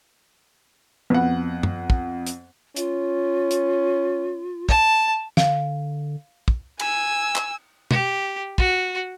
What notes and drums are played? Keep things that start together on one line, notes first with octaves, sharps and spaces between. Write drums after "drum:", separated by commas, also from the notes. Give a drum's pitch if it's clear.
F2 B3 F#5
drum: tom
drum: kick
drum: hi-hat
C#4 F4, drum: hi-hat
drum: hi-hat
A5, drum: kick
D3 F5, drum: snare
drum: kick
G#5 E6, drum: cymbal
drum: clap
G4, drum: tom
F#4, drum: kick